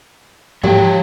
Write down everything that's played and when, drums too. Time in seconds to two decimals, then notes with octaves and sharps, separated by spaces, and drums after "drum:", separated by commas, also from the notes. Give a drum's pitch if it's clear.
0.64 F3 G4 C#5, drum: tom G#2